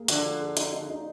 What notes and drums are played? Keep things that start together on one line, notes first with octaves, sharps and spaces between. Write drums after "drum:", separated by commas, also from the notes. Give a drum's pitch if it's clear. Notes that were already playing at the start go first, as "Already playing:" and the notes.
Already playing: A#3 G#4
D3 F3, drum: hi-hat
F3
G#4
D#4, drum: hi-hat
D#4
D#4